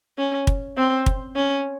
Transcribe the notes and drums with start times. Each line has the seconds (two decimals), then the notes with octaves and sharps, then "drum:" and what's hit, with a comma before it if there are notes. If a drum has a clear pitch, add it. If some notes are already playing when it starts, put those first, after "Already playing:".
0.18 C#4
0.47 drum: kick
0.77 C4
1.06 drum: kick
1.36 C#4